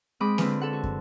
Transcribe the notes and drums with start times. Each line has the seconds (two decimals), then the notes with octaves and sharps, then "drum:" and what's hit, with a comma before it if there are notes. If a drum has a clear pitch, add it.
0.20 G#3 C4 B5 D6 D#6
0.38 D3 C4 F4 B4, drum: snare A#3
0.61 A4 F#5
0.73 F#4
0.84 drum: kick